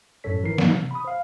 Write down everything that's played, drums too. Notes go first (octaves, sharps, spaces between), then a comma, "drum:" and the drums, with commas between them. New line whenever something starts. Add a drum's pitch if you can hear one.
G1 F#2 A2 A4 C#5 B6
G#2 E3 A#4 B4 C7
F#3 A#3 D#4, drum: snare D#3
C3
B5 D#6
C5 F5